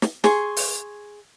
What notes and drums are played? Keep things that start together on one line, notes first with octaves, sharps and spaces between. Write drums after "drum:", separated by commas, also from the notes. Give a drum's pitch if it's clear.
drum: snare
G#4 C6 C#6, drum: snare
drum: open hi-hat